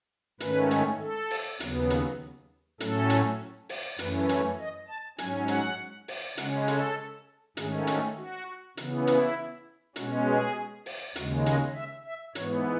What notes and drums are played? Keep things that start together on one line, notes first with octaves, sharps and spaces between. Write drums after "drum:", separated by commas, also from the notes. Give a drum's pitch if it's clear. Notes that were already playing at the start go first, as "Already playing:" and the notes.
G#2 D#3 A3 C#4 B4, drum: hi-hat
drum: hi-hat
A4
drum: open hi-hat
D#2 C#3 F#3 B3, drum: hi-hat
drum: hi-hat
A2 F#3 A3 C#4 A4, drum: hi-hat
drum: hi-hat
drum: open hi-hat
F#2 E3 A3 C#4 B4, drum: hi-hat
C#5, drum: hi-hat
D#5
A5
G#2 F#3 C#4 G#5, drum: hi-hat
F#5, drum: hi-hat
drum: open hi-hat
C#3 G#3 C#4 F#5, drum: hi-hat
A4, drum: hi-hat
G#2 D#3 A3 C#4 G#4, drum: hi-hat
F#4, drum: hi-hat
F#4
C#3 E3 B3, drum: hi-hat
E4, drum: hi-hat
B2 G#3 C#4 F#4, drum: hi-hat
G#4
drum: open hi-hat
D#2 C#3 G#3 F#4, drum: hi-hat
D#5, drum: hi-hat
E5
E5
G#2 E3 B3 C#5, drum: hi-hat